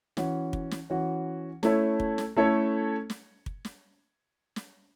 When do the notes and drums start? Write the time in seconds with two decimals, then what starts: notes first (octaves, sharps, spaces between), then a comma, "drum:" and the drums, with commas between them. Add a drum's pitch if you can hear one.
0.17 E3 C#4 F#4, drum: snare
0.53 drum: kick
0.71 drum: snare
0.90 E3 C#4 F#4
1.63 A3 C#4 E4 A4 C#5, drum: snare
2.00 drum: kick
2.18 drum: snare
2.37 A3 C#4 E4 A4 C#5
3.10 drum: snare
3.46 drum: kick
3.65 drum: snare
4.56 drum: snare